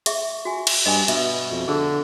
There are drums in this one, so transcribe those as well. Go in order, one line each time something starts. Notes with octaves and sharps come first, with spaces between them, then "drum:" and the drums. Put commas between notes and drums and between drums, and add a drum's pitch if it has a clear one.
G#4 E5 C#6, drum: hi-hat
F#4 G#5
drum: cymbal
G2 D#5 G#5
B2 E5, drum: hi-hat
F2
D3 G#4